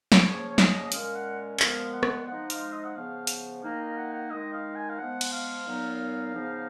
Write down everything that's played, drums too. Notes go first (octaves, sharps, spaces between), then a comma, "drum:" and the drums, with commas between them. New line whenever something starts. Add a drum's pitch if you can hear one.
drum: snare
C#3 F3 A#3 C#4 C#5
C#5
D#5, drum: snare
D#5
A#2 G#3 C#4 F5, drum: hi-hat
F#5
A#2 F3 G#3 B3 F5, drum: clap
F#5
drum: rim click
F3 G#3 D#4 F#5
F5, drum: hi-hat
D#5
F#5
C#3 F3 B3 F5
drum: hi-hat
D#3 A#3 D#4 F5
F5
F#5
F#5
D#3 G#3 D#4 D#5
F5
G#5
F5
F3 G#3 B3 F#5
drum: cymbal
F5
A#2 F#3 B3 D#4
C#3 F3 B3 D#4